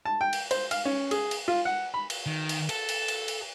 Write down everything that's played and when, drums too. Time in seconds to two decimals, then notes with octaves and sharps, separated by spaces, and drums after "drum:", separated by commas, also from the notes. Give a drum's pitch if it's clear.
0.05 A5
0.21 G5
0.33 drum: cymbal
0.51 C5, drum: cymbal
0.71 F5, drum: cymbal
0.85 C#4
1.11 G#4, drum: cymbal
1.31 drum: cymbal
1.48 F4
1.65 F#5
1.94 B5
2.10 drum: cymbal
2.26 D#3
2.49 drum: cymbal
2.69 A4, drum: cymbal
2.89 drum: cymbal
3.08 drum: cymbal
3.28 drum: cymbal